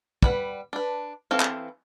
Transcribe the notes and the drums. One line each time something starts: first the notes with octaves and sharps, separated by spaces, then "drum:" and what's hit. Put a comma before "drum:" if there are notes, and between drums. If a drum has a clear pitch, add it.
G3 B4 F#5, drum: kick
D4 B4
E3 C4 A4 F5
drum: clap